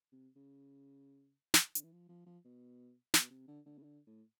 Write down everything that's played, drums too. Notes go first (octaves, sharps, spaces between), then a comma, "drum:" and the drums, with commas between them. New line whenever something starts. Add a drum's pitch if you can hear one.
C3
C#3
drum: snare
D3, drum: hi-hat
E3
F3
F3
F3
B2
B2, drum: snare
C3
D3
D3
C#3
D3
A2